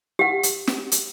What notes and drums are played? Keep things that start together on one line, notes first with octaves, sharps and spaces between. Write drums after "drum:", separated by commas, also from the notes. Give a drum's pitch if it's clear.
G4 F#5
drum: hi-hat
drum: snare
drum: hi-hat